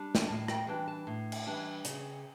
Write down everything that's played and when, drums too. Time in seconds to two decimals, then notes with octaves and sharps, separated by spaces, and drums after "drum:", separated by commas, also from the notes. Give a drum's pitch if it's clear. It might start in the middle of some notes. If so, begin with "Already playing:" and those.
Already playing: G3 D4
0.15 drum: snare
0.28 A2 A5
0.48 G5, drum: rim click
0.67 E3 G3 D4 G5
0.88 A5
1.07 A2
1.32 drum: cymbal
1.46 E3 G3 D4
1.85 C#3, drum: hi-hat